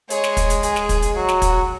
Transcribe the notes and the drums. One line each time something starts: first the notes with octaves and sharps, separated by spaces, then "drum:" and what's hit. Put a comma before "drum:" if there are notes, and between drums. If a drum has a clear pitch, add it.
G#3 G#4 C#5, drum: hi-hat
drum: snare
drum: kick, hi-hat
drum: hi-hat
G#4, drum: hi-hat
drum: snare
drum: kick, hi-hat
drum: hi-hat
F#3 F#4
drum: snare
drum: kick, hi-hat